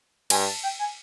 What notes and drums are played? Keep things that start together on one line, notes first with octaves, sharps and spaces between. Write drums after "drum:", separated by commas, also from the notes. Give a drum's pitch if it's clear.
G2 G#5, drum: cymbal
A5
G5
G#5